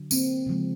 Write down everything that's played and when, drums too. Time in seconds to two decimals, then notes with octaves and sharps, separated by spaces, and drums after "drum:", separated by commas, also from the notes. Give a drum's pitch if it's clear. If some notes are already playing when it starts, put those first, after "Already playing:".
Already playing: D3 F#3
0.11 A#3 C4, drum: tambourine
0.46 C#3 F3 G#3